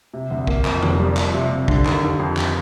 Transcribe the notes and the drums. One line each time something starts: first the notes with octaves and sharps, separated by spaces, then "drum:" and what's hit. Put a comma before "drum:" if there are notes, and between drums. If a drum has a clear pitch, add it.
C3
D2
A#3, drum: kick
F2, drum: clap
F1, drum: tom D3
G3
F3, drum: clap
C3
C3
D3, drum: kick
D#2, drum: clap
D#2
F2
drum: clap